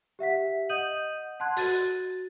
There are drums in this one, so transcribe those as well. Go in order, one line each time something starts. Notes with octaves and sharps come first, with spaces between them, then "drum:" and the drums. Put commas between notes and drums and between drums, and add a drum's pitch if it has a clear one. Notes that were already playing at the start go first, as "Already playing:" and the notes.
G4 E5 F#5 B6
D#5 F#5 D#6 G6 D#7 F#7
F#5 A5 C6 F#6 G#6
F#4 A6, drum: open hi-hat